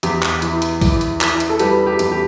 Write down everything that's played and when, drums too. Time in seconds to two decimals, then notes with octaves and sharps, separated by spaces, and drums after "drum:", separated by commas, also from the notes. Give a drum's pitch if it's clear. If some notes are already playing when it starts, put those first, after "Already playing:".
0.03 E2 G4, drum: hi-hat
0.23 drum: clap
0.42 E3, drum: hi-hat
0.62 drum: hi-hat
0.81 E3, drum: kick B1, open hi-hat
1.01 drum: hi-hat
1.21 E3, drum: clap
1.40 drum: hi-hat
1.50 A4
1.59 G3 G4 B4, drum: hi-hat
1.86 G4
1.99 E2, drum: hi-hat
2.12 G4